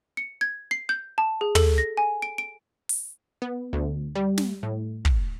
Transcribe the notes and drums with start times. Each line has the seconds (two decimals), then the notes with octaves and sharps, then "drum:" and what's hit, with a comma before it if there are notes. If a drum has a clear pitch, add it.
0.17 C#7
0.41 G#6
0.71 C7
0.89 G6
1.18 A5
1.41 G#4
1.55 A4, drum: tom
1.78 A#6
1.97 G#5
2.22 D7
2.38 D7
2.89 drum: open hi-hat
3.42 B3
3.73 D2
4.15 G3
4.38 drum: snare
4.63 A2
5.05 drum: kick